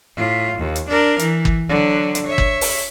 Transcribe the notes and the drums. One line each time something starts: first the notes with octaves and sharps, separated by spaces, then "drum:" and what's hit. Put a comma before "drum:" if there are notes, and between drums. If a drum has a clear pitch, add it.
A2 F4
D#2
drum: hi-hat
D4 A#4
E3, drum: hi-hat
drum: kick
D3 F#3
drum: hi-hat
C#5 E5
drum: kick
drum: open hi-hat